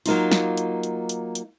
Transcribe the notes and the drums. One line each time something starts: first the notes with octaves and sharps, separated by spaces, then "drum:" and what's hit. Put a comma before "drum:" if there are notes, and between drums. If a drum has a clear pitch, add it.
F#3 A#3 D#4 F4, drum: open hi-hat
drum: snare
drum: hi-hat
drum: hi-hat
drum: hi-hat
drum: hi-hat